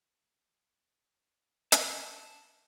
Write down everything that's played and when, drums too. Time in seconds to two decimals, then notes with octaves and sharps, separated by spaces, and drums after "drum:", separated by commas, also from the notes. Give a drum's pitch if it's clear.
1.72 A5, drum: hi-hat